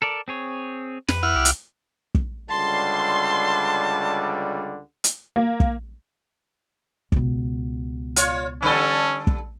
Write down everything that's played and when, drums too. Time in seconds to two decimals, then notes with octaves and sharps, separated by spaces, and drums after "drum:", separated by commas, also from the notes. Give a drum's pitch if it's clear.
0.02 A4 A#4 D5
0.28 C4 G#4 C#5
1.08 F2 B4, drum: snare
1.23 E4 F#5 F6
1.36 C2 G4
1.45 drum: hi-hat
2.15 drum: kick
2.50 C#2 D3 G3 A5 C6
5.04 drum: hi-hat
5.36 A#3
5.60 drum: kick
7.12 C#2 B2, drum: kick
8.16 F4 C#5, drum: hi-hat
8.62 D3 G3 C#4 A4
9.27 drum: kick